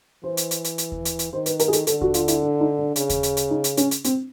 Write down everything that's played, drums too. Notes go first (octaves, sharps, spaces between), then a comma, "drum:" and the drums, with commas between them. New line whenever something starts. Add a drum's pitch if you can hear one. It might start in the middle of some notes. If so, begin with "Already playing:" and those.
E3 C5
drum: hi-hat
drum: hi-hat
drum: hi-hat
drum: hi-hat
drum: kick D#2
drum: hi-hat
drum: hi-hat
D#3 C5
B4, drum: hi-hat
A#4, drum: hi-hat
G#4
A4, drum: hi-hat
D3 A4, drum: hi-hat
F#4, drum: kick D#2
F4, drum: hi-hat
E4, drum: hi-hat
D4
D#4
D4
C#3, drum: hi-hat
drum: kick D#2, hi-hat
drum: hi-hat
drum: hi-hat
D#4
drum: hi-hat
C#4, drum: hi-hat
drum: hi-hat
C4, drum: hi-hat